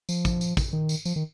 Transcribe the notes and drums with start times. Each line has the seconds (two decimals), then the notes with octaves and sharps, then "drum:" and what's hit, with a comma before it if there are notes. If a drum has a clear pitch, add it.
0.09 F3, drum: tambourine
0.25 drum: kick, tambourine
0.41 drum: tambourine
0.57 drum: kick, tambourine
0.73 D#3
0.89 drum: tambourine
1.05 F3, drum: tambourine
1.16 D#3